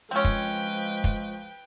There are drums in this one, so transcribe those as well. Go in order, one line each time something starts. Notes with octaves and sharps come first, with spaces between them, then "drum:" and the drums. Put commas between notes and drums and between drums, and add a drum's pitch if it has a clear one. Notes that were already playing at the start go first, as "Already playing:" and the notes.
F3 G#3 C4 C#4 B4 G5
drum: kick
drum: kick